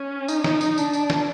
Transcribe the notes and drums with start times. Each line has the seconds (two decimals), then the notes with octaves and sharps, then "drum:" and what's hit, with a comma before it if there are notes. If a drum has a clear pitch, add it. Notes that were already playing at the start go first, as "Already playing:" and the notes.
Already playing: C#4
0.28 D#4, drum: tambourine
0.44 drum: snare
0.61 drum: tambourine
0.78 D4, drum: tambourine
0.93 drum: tambourine
1.10 drum: snare